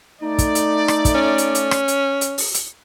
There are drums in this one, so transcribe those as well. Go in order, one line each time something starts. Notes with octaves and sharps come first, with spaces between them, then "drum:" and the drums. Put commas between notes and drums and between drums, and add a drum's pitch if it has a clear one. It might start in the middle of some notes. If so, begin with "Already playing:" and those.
A3 D#4 D5
drum: kick, hi-hat
drum: hi-hat
drum: rim click
drum: kick, hi-hat
C#4
drum: hi-hat
drum: hi-hat
drum: rim click
drum: hi-hat
drum: hi-hat
drum: open hi-hat
drum: hi-hat